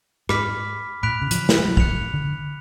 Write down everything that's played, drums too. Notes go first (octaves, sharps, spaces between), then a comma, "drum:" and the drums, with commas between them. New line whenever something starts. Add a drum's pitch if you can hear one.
G#2 B5 D6 F6 B6, drum: rim click
A2 B5 F#6 B6 D7 F7
C#3
F3, drum: hi-hat
F#3, drum: snare
G#3
F#3
F3 F#6 C#7 F7, drum: kick
D3